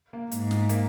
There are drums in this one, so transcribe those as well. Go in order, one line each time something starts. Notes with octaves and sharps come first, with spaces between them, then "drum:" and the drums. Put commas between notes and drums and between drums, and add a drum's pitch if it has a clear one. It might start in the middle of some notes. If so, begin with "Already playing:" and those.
A#3
G#2, drum: hi-hat
drum: snare
A#3, drum: hi-hat